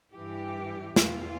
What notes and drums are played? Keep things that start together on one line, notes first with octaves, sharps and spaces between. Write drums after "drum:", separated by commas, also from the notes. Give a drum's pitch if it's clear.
G2 E3 G4
E2 E3 F4, drum: snare